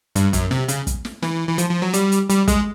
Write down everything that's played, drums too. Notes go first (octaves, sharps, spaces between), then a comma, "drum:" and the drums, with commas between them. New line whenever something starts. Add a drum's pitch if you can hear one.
G2, drum: hi-hat
F#2, drum: kick, hi-hat
C3, drum: snare
C#3, drum: hi-hat
drum: kick, hi-hat
drum: snare
E3, drum: snare
E3
F3, drum: hi-hat
F3
F#3
G3, drum: hi-hat
drum: hi-hat
G3, drum: hi-hat
G#3, drum: kick, hi-hat